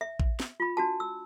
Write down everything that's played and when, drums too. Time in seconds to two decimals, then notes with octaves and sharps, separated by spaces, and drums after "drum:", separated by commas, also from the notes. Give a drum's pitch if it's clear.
0.01 E5
0.20 drum: kick A1
0.40 drum: snare
0.60 F4 B5
0.77 D4 F#4 A5
1.00 E6